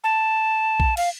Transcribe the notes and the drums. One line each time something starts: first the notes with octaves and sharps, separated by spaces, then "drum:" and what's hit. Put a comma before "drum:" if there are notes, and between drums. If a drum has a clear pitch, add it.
A5
drum: kick A#1
F5, drum: cymbal